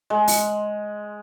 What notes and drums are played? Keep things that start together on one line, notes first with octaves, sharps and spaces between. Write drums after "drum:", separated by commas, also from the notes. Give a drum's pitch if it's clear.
G#3
drum: open hi-hat